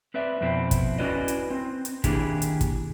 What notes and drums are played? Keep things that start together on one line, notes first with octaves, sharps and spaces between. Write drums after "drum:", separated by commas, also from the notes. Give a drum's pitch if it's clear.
C4 B4 D5 E5
F2 B2 C4 E4
drum: kick, hi-hat
C#4 E4 F#4 B4 D5 D#5
drum: hi-hat
C4
drum: hi-hat
D#3 A#3 D4 E4 G4 G#4, drum: kick, hi-hat
drum: hi-hat
drum: kick, hi-hat